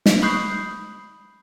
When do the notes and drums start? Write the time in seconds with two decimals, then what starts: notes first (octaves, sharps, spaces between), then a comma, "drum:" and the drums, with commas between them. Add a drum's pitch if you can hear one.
0.06 drum: snare
0.22 B5 C#6 D#6 F#6 G6 C7